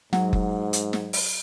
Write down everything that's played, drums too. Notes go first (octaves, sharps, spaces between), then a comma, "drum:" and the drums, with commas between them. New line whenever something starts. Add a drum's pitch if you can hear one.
G#2 F#3, drum: snare
drum: kick F#1
drum: hi-hat
drum: snare
drum: open hi-hat